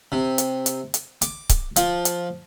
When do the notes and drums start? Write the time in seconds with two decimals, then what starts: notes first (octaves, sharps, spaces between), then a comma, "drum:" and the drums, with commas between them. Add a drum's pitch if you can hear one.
0.12 C3
0.38 drum: hi-hat
0.66 drum: hi-hat
0.94 drum: hi-hat
1.22 D6, drum: hi-hat
1.49 drum: kick C#1, hi-hat
1.76 F3, drum: hi-hat
2.05 drum: hi-hat